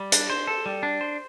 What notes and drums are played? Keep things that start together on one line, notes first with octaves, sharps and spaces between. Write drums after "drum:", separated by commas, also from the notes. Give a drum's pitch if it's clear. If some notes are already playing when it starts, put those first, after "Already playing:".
Already playing: G3
D4, drum: hi-hat
C5
A4
G3
D4
C5